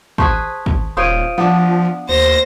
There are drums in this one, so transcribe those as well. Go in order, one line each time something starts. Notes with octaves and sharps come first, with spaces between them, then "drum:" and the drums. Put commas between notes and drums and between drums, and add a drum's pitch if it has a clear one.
G#4 B4 C5 A5 C6 C#6, drum: kick
drum: kick
D#1 F4 C5 C#5 D#6 D7 D#7
F3 B3 D4
D#2 C5 A#6